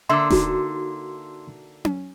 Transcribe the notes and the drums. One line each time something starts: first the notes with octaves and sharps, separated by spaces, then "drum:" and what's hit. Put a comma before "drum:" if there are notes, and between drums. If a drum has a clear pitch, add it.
D3 A#3 E5 C6 D6
D#4 F#4, drum: snare D#1
drum: tom C#4